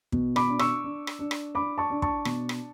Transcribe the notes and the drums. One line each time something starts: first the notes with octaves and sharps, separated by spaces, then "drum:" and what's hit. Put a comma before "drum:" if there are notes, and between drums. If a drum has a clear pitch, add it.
B2, drum: kick
B5 D6, drum: rim click
D4
C#6 E6, drum: rim click
D4
drum: rim click
D4
drum: rim click
D4 B5 D6
A5 C#6
D4
A5 C#6, drum: kick
B2, drum: rim click
drum: rim click